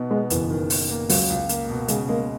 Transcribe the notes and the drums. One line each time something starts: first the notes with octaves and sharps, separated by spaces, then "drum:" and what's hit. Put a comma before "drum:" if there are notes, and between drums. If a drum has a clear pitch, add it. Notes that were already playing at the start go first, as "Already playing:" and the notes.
Already playing: B2 B3 D#4
G#3 B3
F#1 E3, drum: hi-hat
D#3
D#3, drum: open hi-hat
A#3
C#2 F#3, drum: open hi-hat
C#2
A#3, drum: hi-hat
B2
C#3 G#3, drum: hi-hat
G#3 A#3